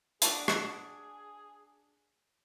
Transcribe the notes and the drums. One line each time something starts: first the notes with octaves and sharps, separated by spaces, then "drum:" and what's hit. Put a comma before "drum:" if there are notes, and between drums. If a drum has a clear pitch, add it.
D4 F#4 G#4 A5, drum: hi-hat
drum: rim click